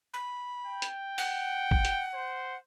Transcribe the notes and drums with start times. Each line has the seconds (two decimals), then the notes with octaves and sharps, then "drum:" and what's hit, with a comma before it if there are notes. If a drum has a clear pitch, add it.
0.14 B5
0.66 G5
0.82 drum: hi-hat
1.18 F#5, drum: open hi-hat
1.71 drum: kick
1.85 drum: hi-hat
2.14 C5